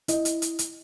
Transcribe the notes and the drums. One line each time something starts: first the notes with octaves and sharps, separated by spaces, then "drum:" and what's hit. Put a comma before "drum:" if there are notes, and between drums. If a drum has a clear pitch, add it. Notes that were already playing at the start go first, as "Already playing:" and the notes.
E4 D#5, drum: hi-hat
drum: hi-hat
drum: hi-hat
drum: hi-hat